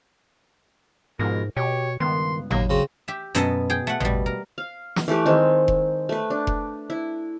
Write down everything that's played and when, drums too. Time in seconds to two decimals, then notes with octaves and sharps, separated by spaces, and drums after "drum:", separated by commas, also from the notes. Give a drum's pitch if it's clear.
1.19 G#2 B2 F3 G#3 A#4
1.57 B2 G4 C#5
2.00 C#2 G2 D#3 B3 C6
2.51 D#2 F#3 A#3, drum: tom G#1
2.70 C#3 C4 F#4
3.08 G4 E5
3.35 F#2 B2 B3 A4 D#5 A5, drum: hi-hat
3.70 G#4 G5
3.87 A3 F#5
4.00 B2 G3, drum: tom G#1
4.26 A#4
4.58 F5
4.96 drum: snare
5.08 E3 A3 G4 B4
5.26 D#3 G#3 C4
5.68 drum: kick F1
6.09 A3 B4
6.30 D4
6.47 drum: kick F1
6.90 E4